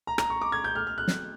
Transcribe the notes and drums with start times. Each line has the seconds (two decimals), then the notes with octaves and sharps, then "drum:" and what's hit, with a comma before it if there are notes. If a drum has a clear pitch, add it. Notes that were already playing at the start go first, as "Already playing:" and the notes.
0.07 A#5
0.18 A#5, drum: rim click
0.30 C#6
0.41 D6
0.52 G#6
0.64 G6
0.75 F6
0.87 F6
0.98 F#6
1.08 drum: snare